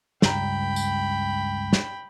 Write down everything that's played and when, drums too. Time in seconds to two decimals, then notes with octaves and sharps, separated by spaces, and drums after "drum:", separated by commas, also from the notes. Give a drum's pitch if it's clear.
0.22 C#2 G2 G5 A#5 B5, drum: snare
0.76 drum: tambourine
1.73 drum: snare